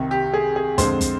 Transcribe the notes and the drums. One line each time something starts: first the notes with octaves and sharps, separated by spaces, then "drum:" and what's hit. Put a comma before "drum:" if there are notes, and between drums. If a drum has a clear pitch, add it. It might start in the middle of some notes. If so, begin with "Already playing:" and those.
Already playing: C2 C3 D#3
G4
G#4
G#4
F2 D3 G#3 C5, drum: kick, hi-hat
drum: kick, hi-hat